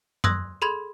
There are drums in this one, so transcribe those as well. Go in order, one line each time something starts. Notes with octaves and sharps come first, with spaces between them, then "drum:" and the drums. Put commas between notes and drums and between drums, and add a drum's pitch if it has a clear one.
C6 D#6 E6 F#6 G#6 A#6, drum: tom F#2
G#4 A4 B5 C6 G#6